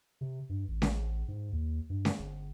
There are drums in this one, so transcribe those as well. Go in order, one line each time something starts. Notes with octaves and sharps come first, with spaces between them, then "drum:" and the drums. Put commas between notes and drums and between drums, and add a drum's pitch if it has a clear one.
C3
G2
A1
drum: snare C#4
G#2
D#2
G2
drum: snare C#4
G1